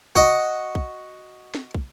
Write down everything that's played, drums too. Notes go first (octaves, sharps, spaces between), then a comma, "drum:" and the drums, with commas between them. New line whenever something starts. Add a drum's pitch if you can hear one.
F#4 D#5, drum: kick
drum: kick
drum: snare
drum: kick